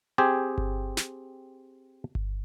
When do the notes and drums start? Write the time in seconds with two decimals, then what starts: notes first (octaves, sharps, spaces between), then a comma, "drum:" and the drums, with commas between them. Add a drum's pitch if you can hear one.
0.18 C4 G4 G#4
0.58 drum: kick G1
0.97 drum: snare
2.15 drum: kick G1